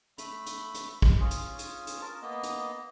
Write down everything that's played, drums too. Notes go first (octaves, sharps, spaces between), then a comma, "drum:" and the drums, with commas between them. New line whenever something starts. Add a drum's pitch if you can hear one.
A3 B5, drum: hi-hat
drum: hi-hat
drum: hi-hat
drum: kick
C#4 F4 G#4
drum: hi-hat
drum: hi-hat
drum: hi-hat
A#4 A5
A#3 B3 D#5
drum: hi-hat